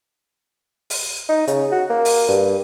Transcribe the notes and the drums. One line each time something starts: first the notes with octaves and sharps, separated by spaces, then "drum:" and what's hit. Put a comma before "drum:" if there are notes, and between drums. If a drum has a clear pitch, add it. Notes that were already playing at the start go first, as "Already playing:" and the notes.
drum: open hi-hat
D#4
C#3, drum: hi-hat
F#4
A#3
drum: open hi-hat
G2